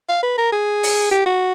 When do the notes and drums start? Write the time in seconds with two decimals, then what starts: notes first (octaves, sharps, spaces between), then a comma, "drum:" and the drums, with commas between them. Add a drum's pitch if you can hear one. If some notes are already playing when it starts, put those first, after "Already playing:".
0.09 F5
0.23 B4
0.38 A#4
0.52 G#4
0.83 drum: open hi-hat
1.11 G4
1.26 F#4